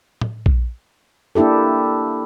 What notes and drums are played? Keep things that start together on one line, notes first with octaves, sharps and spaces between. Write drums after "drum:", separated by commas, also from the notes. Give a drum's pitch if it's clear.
drum: tom
drum: kick A#1
A#3 D4 E4 G4 A4